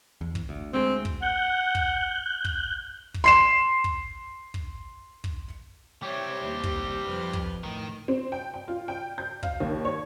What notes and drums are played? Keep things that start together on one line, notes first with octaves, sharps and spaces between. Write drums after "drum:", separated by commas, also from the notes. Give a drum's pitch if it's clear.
E2
drum: kick
D2
D2 G#3 C4
drum: kick
F#5 F#6 G6
drum: kick
drum: kick
drum: kick
C6 C7 E7
drum: kick
drum: kick
drum: kick
G3 C4 G4 C#5 E5 G5
D#2
drum: kick
F2 B4 F6
drum: kick
A2 D#3
C4
G5
G5
F4
G5
G6
F5, drum: kick
D#2
C#5